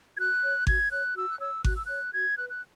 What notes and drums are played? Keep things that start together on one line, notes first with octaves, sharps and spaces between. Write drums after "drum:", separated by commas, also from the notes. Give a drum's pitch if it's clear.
G#6
F#4 F#6
C#5
F#4 G#6, drum: kick G#1
C#5 F#6
F#4 E6
F#6
C#5 E6
F#4 F#6, drum: kick G#1
E6
C#5 F#6
F#4 G#6
B4 F#6
F#6